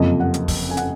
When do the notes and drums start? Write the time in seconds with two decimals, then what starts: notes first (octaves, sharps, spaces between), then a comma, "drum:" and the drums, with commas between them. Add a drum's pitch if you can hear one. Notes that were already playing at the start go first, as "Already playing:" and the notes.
Already playing: F#1 F2 C3 F3 D#5
0.20 F#5
0.34 drum: hi-hat
0.48 drum: kick, open hi-hat
0.70 G#5
0.77 F#5, drum: hi-hat